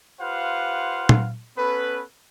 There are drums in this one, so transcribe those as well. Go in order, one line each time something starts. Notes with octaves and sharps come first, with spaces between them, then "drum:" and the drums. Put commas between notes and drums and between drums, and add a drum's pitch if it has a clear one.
F4 G4 B4 C5 F5 F#5
drum: tom
B3 C#4 A4 B4